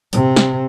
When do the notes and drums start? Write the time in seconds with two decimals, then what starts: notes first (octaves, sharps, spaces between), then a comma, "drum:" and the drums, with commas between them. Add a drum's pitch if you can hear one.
0.13 C3, drum: hi-hat
0.36 drum: snare